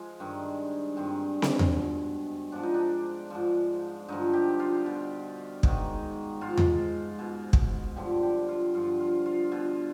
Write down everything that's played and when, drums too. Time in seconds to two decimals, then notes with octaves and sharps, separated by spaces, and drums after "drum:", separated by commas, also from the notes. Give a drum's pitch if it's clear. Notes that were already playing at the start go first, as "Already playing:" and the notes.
Already playing: F3 G#3
0.20 G2 D#3
0.97 G2 D#3 C4
1.42 drum: snare C4
1.59 drum: tom E2
1.75 B2
2.52 G#2 F3 D4
2.63 D#4
2.74 D4
3.30 G#2 F3
4.09 G2 D3 F3 D#4
4.33 G4
4.60 F4
4.86 B2
5.63 G#2 D#3, drum: kick
6.41 G#2 F3 F4
6.58 drum: tom E2
7.19 B2
7.53 drum: kick
7.96 G2 D3 F3 G4
8.23 G4
8.48 F4
8.74 G2 F3 F4
9.00 F4
9.26 F4
9.52 B2 F4